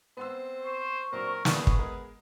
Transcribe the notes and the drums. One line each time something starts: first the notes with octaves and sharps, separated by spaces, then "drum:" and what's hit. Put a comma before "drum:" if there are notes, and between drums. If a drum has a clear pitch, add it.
B3 C4 C6 E6
C5 C#6
A#2 F#3 C4 D4 A#4
D2 A2 D3 B3 G#4, drum: snare
drum: kick
G#3 A#4